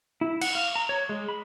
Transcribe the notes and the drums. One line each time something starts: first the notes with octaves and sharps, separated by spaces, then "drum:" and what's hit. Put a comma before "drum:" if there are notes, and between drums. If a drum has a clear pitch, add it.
E4
F#5, drum: cymbal
F5
A#5
C#5
G#3
B5